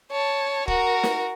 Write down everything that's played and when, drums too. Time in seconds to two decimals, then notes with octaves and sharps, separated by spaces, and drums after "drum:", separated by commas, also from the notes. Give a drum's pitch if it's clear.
0.11 C#5 A5
0.68 F#4 A#4, drum: kick
1.03 drum: snare